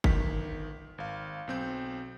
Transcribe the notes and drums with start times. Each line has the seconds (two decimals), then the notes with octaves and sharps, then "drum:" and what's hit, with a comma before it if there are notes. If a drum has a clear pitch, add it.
0.04 G1 D#3 B6, drum: kick G1
0.98 G#1 F5
1.47 B1 C4 G6